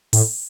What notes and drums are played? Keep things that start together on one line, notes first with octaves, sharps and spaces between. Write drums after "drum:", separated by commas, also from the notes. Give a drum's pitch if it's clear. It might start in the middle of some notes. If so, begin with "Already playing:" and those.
A2, drum: open hi-hat